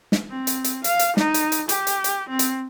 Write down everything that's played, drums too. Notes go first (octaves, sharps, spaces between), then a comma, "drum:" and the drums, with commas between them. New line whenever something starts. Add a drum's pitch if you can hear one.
drum: snare
C4
drum: hi-hat
drum: hi-hat
F5, drum: hi-hat
drum: hi-hat
D#4, drum: snare
drum: hi-hat
drum: hi-hat
G4, drum: hi-hat
drum: hi-hat
drum: hi-hat
C4
drum: hi-hat